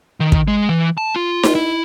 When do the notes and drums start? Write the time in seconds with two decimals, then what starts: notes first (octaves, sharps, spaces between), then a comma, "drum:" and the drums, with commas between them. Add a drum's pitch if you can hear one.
0.20 D#3
0.32 drum: kick
0.48 G#3
0.69 E3
0.98 A5
1.16 F4
1.43 drum: snare D#4
1.55 E4